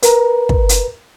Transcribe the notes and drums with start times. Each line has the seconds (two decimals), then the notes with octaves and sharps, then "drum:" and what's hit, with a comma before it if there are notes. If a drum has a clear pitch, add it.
0.03 A#4 B4 A#5, drum: hi-hat
0.49 drum: kick
0.69 drum: hi-hat